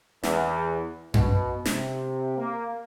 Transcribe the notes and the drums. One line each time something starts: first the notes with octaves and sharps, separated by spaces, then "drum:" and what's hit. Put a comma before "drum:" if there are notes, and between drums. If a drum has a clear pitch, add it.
E2, drum: snare
B2, drum: tom F#2
C3, drum: snare
A#3